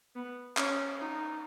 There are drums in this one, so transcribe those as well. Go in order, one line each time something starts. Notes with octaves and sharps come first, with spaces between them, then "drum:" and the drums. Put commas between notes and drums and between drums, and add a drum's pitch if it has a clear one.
B3
C#4, drum: clap
D#4